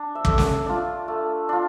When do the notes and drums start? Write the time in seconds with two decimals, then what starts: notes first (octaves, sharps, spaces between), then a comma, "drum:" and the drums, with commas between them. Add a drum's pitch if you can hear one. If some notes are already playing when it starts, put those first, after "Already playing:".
Already playing: D4
0.15 E5
0.25 A3 D5, drum: kick
0.38 drum: snare
0.66 D4 F4
1.08 A3
1.49 D4 F4